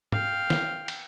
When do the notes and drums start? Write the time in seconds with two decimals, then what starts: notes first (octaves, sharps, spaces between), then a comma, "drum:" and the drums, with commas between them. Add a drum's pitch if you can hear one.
0.12 F5 G5, drum: tom
0.50 drum: snare
0.88 drum: cymbal